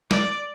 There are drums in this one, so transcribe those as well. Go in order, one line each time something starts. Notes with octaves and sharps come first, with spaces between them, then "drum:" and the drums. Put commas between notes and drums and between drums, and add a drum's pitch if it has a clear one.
D5, drum: snare